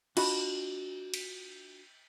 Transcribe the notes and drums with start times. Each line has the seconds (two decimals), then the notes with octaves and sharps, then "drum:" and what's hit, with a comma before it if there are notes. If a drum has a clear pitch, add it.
0.17 D4 F4 F#4 D#5 B5, drum: cymbal
1.14 drum: cymbal